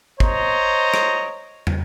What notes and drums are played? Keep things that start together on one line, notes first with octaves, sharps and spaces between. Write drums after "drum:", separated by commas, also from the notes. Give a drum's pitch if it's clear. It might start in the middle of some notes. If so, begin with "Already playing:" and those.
C5 C#5 D#5 A#5, drum: kick
drum: rim click
drum: tom